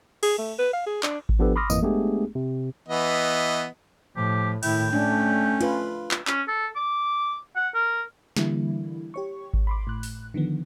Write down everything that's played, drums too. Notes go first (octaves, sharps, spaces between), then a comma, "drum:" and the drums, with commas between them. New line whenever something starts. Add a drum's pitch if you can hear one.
G#4, drum: cymbal
A3
B4
F5
G#4
D4, drum: clap
drum: kick G#1
F3 B3 D4 G4 A4 B4
B5 C6 D6 D#6 F6 A#6
G#1 F2 E3 A#3 D#5 D#6, drum: tambourine
G#3 A3 B3 D4 G4 G#4
C3
E3 B3 D#5
A2 F3 G4
A2 D#3 E4 G5, drum: cymbal
A3 C#4 D4
F4 B4, drum: cymbal
drum: clap
C#4, drum: clap
A4
D6
F#5
A#4
D3 E3 G3 A#3 E4, drum: snare
G4 C#5 C#6
drum: kick G#1
B5 C6 D6
A2 F#6
drum: open hi-hat
D3 D#3 F3 B3